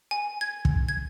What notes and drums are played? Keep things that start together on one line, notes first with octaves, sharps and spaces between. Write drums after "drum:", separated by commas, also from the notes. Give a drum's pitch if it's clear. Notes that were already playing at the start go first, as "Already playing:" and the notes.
G#5
G#6
drum: kick
G#6